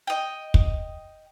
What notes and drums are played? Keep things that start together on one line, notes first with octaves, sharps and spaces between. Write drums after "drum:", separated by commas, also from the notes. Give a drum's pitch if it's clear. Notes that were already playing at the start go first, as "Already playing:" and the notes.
D#5 G5
drum: kick